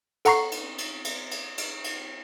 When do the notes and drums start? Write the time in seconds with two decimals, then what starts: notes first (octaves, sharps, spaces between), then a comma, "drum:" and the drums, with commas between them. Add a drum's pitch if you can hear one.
0.25 A4 F#5 A#5 C#6 C7, drum: cymbal
0.52 drum: cymbal
0.78 drum: cymbal
1.05 drum: cymbal
1.31 drum: cymbal
1.58 drum: cymbal
1.84 drum: cymbal